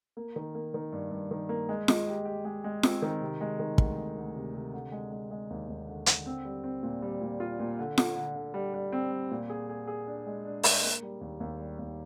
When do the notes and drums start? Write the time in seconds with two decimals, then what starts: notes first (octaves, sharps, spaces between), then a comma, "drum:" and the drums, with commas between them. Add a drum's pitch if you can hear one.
0.17 A#3
0.36 D#3
0.55 A#3
0.74 D#3
0.93 G2
1.11 G2
1.31 D#3
1.49 A#3
1.69 G#3
1.88 G#3, drum: snare F4
2.07 G4
2.25 G4
2.45 G#3
2.64 G#3
2.83 C4, drum: snare F4
3.02 D#3
3.21 C3
3.41 G#3
3.59 D#3
3.78 D2, drum: kick
3.97 G#3
4.17 D2
4.35 C3
4.55 C3
4.74 D3
4.92 G#3
5.12 G#3
5.31 G#3
5.50 D#2
5.68 D#2
5.88 D3
6.06 D3, drum: hi-hat
6.26 C4
6.45 G3
6.64 C4
6.83 A#2
7.02 G3
7.21 A#2
7.40 F4
7.60 A#2
7.79 D3
7.98 D3, drum: snare F4
8.16 D3
8.35 D3
8.54 G3
8.74 G3
8.93 C4
9.12 G3
9.31 A#2
9.50 G#4
9.69 G#4
9.87 G#4
10.07 D4
10.27 G#3
10.45 D4
10.63 G#3, drum: open hi-hat
10.83 A#3
11.02 G3
11.21 D#2
11.40 D#2
11.60 G3
11.79 D#2